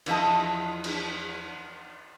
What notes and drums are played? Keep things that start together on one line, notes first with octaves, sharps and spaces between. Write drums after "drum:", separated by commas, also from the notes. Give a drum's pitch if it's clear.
E2 F3 D#5 A5, drum: cymbal
drum: cymbal